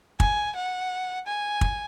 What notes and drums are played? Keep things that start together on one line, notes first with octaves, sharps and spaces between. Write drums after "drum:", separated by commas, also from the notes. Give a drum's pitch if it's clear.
G#5, drum: kick
F#5
G#5
drum: kick